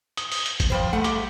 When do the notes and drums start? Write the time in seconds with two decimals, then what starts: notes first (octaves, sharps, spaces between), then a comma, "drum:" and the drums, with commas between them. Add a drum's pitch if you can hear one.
0.17 D#6, drum: hi-hat
0.32 drum: open hi-hat
0.46 drum: hi-hat
0.60 drum: kick A1, hi-hat
0.70 F3 G3 C5
0.93 A3 F#5
1.04 G4 D6, drum: hi-hat